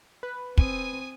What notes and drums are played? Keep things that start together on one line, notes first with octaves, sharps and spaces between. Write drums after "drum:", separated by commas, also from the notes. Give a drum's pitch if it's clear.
B4
C4 G#5 D#6, drum: kick